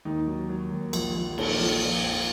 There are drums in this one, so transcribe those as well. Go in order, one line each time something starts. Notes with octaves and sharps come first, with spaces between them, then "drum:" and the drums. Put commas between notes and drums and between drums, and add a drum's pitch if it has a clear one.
D#2 D#4
F#3
F#3
D#2
A#1, drum: cymbal
A#1
A#2, drum: cymbal
A#1
F3
F2